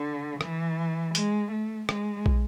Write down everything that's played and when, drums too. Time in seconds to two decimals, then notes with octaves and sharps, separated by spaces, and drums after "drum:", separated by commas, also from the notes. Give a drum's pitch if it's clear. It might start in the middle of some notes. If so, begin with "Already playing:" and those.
Already playing: D3
0.41 E3, drum: rim click
1.15 G#3, drum: hi-hat
1.52 A3
1.89 G#3, drum: rim click
2.26 drum: kick